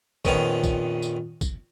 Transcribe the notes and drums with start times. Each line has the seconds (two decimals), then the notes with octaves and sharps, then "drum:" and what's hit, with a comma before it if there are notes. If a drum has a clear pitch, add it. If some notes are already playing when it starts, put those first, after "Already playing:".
0.25 A#1 F2 D#3 B3 C#4 A#5, drum: kick, tambourine
0.64 drum: kick, tambourine
1.02 drum: tambourine
1.41 drum: kick, tambourine